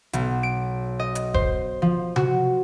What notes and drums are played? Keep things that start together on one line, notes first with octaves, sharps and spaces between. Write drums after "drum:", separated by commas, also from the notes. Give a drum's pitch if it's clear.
B1, drum: hi-hat
D7
D#5
drum: hi-hat
C5, drum: kick E1
F3
F#4, drum: tom C3